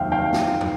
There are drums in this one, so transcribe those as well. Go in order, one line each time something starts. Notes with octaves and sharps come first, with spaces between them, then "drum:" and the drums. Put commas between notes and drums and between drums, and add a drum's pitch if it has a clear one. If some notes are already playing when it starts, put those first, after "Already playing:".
Already playing: F1 D#2 E5 F5 G5
F5 G5
drum: snare
drum: tom